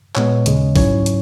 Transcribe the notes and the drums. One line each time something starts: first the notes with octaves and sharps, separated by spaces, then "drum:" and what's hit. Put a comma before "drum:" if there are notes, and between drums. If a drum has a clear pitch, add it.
A#2 G#3 B3 C#5, drum: clap
D#2 C#3 G#3, drum: hi-hat
G#2 F#3 C#4 E4 C#5, drum: kick, open hi-hat
drum: hi-hat